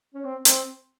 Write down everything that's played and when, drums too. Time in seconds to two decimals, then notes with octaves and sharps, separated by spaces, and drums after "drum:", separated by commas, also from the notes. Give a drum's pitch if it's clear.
0.14 C#4
0.25 C4
0.45 C4, drum: hi-hat